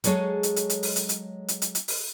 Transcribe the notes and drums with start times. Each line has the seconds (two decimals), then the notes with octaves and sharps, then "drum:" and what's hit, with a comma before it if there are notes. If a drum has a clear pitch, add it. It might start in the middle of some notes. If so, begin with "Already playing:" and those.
0.04 F#3 G#3 G#4 A4 C#5, drum: hi-hat
0.43 drum: hi-hat
0.56 drum: hi-hat
0.70 drum: hi-hat
0.83 drum: open hi-hat
0.96 drum: hi-hat
1.09 drum: hi-hat
1.48 drum: hi-hat
1.62 drum: hi-hat
1.75 drum: hi-hat
1.88 drum: open hi-hat